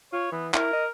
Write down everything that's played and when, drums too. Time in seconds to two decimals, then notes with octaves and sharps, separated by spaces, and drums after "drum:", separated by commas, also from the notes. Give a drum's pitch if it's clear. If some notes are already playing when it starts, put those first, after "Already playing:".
0.13 F4 C#5
0.32 E3 B3
0.54 E4 A#4, drum: clap
0.73 D#5